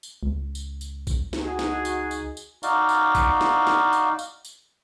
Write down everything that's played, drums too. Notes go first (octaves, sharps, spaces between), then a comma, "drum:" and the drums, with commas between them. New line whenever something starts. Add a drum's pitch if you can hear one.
drum: tambourine
C#2
drum: tambourine
drum: tambourine
drum: kick A1, tambourine
drum: snare
D#4 F#4 G#4
drum: snare
drum: tambourine
drum: tambourine
drum: tambourine
D#4 F#4 D5 F5, drum: tambourine
drum: tambourine
drum: kick A1, tambourine
drum: snare
drum: snare
drum: tambourine
drum: tambourine
drum: tambourine